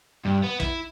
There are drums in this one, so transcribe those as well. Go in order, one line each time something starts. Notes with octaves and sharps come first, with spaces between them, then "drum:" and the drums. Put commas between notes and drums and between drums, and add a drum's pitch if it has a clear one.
G2
B3
E4, drum: kick